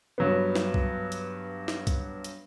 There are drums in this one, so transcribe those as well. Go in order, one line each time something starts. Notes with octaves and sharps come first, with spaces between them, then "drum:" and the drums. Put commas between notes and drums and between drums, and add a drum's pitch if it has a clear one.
G2 F#3 B3
drum: snare
drum: kick C2
drum: hi-hat
drum: snare
drum: kick C2, hi-hat
drum: hi-hat